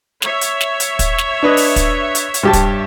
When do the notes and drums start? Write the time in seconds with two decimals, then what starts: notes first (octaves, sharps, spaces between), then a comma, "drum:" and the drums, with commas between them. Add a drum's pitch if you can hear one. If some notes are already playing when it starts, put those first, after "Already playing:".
0.22 C#5 E5, drum: snare
0.41 drum: hi-hat
0.61 drum: snare
0.80 drum: hi-hat
0.99 drum: kick, hi-hat
1.18 drum: snare
1.43 D4 B4 D#5
1.57 drum: open hi-hat
1.76 drum: kick, hi-hat
2.15 drum: hi-hat
2.34 drum: hi-hat
2.43 G2 G4 A5
2.53 drum: kick, hi-hat